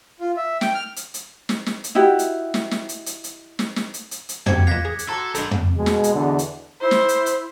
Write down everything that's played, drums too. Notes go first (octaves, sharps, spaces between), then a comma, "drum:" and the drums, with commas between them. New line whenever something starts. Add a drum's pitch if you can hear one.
F4
E5
G5, drum: snare
F6
drum: hi-hat
drum: hi-hat
drum: snare
drum: snare
drum: hi-hat
D#4 E4 F#4 G4
drum: hi-hat
drum: snare
drum: snare
drum: hi-hat
drum: hi-hat
drum: hi-hat
drum: snare
drum: snare
drum: hi-hat
drum: hi-hat
drum: hi-hat
D2 C4 D4 F#4 G4 D6 G#6 C#7, drum: tom
A#2 F5 D6 F#6 G#6 A#6 B6
G#4
drum: hi-hat
F#4 A4 A5 A#5 C6 D6
G2 D3 D4 A4 B5 E6 G6, drum: hi-hat
drum: tom
B2 G#3
drum: snare
drum: hi-hat
E2 B2 D3
drum: hi-hat
E4 C5
drum: snare
drum: hi-hat
drum: hi-hat